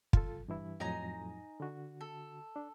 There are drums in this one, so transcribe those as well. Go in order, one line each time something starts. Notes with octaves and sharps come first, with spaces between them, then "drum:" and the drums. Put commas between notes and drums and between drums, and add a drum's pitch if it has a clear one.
F4 A4, drum: kick
G2 E3 E4
F2 A2 F#3 D#4 G#5 A#5
D3 F#4
A4
D4